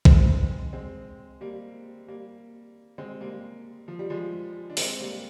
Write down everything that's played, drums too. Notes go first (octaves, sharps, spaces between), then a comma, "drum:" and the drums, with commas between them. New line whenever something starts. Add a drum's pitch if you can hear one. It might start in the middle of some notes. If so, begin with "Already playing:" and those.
G#3 C4, drum: kick B1
G#3 C4
G3 A#3
G3 A#3
G#3 C4
G3 A#3
F3
G3
F3 G#3
D4
G#3 C4, drum: open hi-hat
G3 A#3